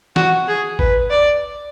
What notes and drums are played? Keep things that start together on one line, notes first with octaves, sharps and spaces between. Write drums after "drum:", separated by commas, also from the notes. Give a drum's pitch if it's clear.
F#4, drum: snare
G#4
B4, drum: kick G#1
D5